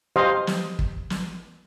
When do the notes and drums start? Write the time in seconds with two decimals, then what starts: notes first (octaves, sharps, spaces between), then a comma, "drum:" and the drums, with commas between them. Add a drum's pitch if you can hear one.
0.16 G4 C5 D#5 F5
0.47 drum: snare
0.79 drum: kick
1.10 drum: snare